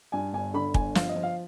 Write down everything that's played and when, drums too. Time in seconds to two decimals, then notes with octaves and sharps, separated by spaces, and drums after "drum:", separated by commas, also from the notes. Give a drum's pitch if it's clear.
0.12 G2 G#5
0.33 G1 G#5
0.54 D3 B5
0.74 G1 G#5, drum: kick
0.95 F3 F5, drum: snare
1.09 D#5
1.16 F3
1.23 F5